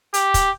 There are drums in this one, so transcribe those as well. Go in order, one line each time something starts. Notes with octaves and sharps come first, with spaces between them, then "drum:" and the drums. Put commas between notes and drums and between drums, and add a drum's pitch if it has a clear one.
G4, drum: hi-hat
drum: kick, hi-hat